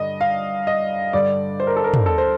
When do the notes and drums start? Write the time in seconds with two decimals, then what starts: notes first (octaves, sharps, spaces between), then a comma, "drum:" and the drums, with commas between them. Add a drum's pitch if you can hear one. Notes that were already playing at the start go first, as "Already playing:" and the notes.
Already playing: G2 D3 G3 D#5
0.21 F5
0.67 D#5
1.13 G2 D3 G3 D5
1.60 C5
1.67 A#4
1.76 A4
1.84 A#4
1.94 drum: tom
2.06 A4
2.18 C5